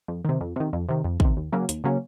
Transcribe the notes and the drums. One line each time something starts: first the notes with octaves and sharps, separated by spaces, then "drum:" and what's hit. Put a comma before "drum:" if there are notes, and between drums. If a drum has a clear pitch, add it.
F2
C3 D#3
F2
C3 D#3
F2
C3 D#3
F2
C3 D#3, drum: kick
D#2
C#3 F#3 A#3 C#4
D#2, drum: hi-hat
C#3 F#3 A#3 C#4